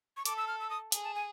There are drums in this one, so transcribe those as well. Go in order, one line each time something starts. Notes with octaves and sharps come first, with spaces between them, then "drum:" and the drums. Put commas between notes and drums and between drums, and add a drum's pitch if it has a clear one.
C#6
A4 D6, drum: hi-hat
E6
F6
E6
D#6
G#4, drum: hi-hat
A5
G#5